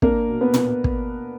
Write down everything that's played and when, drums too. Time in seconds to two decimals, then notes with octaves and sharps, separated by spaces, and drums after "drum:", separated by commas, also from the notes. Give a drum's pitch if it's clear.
0.02 A#3 D4 A#4, drum: kick
0.28 B2
0.41 B3 B4
0.54 A#3, drum: tom
0.84 drum: kick